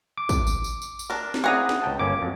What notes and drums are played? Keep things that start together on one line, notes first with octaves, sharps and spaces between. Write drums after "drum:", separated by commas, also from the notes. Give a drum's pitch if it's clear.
D6
drum: kick, tambourine
drum: tambourine
drum: tambourine
drum: tambourine
drum: tambourine
D4 A#4
drum: snare
C4 E4 G#4 D5 F#5 A#5 D#6
drum: snare
C#2 G5 A5
G1 A#3 C#4 D6
F2 F#3